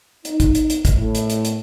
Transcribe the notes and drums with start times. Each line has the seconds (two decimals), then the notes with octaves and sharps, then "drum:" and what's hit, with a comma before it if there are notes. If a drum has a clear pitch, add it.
0.25 D#4, drum: hi-hat
0.40 drum: kick, hi-hat
0.55 drum: hi-hat
0.70 drum: hi-hat
0.85 drum: kick, hi-hat
0.94 A2
1.15 drum: hi-hat
1.30 drum: hi-hat
1.45 drum: hi-hat